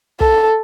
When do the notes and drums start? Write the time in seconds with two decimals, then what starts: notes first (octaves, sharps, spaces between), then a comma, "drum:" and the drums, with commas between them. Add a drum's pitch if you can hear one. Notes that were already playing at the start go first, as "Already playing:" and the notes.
0.21 A4, drum: kick